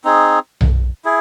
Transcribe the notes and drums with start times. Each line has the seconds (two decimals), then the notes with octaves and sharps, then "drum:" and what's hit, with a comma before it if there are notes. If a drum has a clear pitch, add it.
0.04 C4 D#4 G#4
0.61 drum: tom B1
1.05 E4 G#4